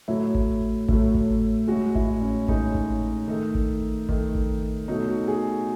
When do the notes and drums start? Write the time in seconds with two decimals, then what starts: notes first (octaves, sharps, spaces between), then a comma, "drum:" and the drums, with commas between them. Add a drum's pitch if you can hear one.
0.08 A2 F#3 A3 E4
0.35 drum: kick G#1
0.89 A2 F#3 A3, drum: kick G#1
1.15 drum: kick G#1
1.68 A2 G#3 F#4
1.95 E4, drum: kick G#1
2.21 C#4
2.48 A2 G#3 D#4, drum: kick G#1
2.75 drum: kick G#1
3.27 D#3 A3 D#4
3.55 drum: kick G#1
4.09 D#3 A3, drum: kick G#1
4.35 drum: kick G#1
4.88 B2 F#3 A3 D#4
5.08 F#4
5.28 G#4
5.48 F#4